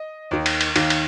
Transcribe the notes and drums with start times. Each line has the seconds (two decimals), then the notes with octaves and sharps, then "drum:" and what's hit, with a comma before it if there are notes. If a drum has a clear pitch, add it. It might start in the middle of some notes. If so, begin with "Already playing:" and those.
Already playing: D#5
0.31 D#2 D#3
0.46 drum: cymbal
0.61 drum: cymbal
0.76 D#2 D#3 F5, drum: cymbal
0.90 drum: cymbal